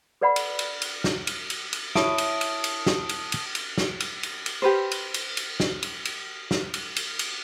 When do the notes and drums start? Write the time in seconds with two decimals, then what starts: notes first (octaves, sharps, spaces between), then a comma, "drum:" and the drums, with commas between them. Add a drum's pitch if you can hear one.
0.21 A4 B4 D5 F#5 B5
0.36 drum: cymbal
0.59 drum: cymbal
0.82 drum: cymbal
1.04 drum: snare
1.27 drum: cymbal
1.50 drum: cymbal
1.73 drum: cymbal
1.95 E4 C#5 A5 D#6 D7, drum: snare
2.18 drum: cymbal
2.41 drum: cymbal
2.64 drum: cymbal
2.86 drum: snare
3.09 drum: cymbal
3.32 drum: cymbal
3.55 drum: cymbal
3.78 drum: snare
4.00 drum: cymbal
4.23 drum: cymbal
4.46 drum: cymbal
4.62 G4 B4 C5
4.91 drum: cymbal
5.14 drum: cymbal
5.37 drum: cymbal
5.60 drum: snare
5.83 drum: cymbal
6.05 drum: cymbal
6.51 drum: snare
6.74 drum: cymbal
6.96 drum: cymbal
7.19 drum: cymbal